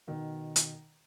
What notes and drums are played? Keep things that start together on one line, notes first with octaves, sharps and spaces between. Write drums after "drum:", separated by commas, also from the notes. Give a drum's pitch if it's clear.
B2 D#3
drum: hi-hat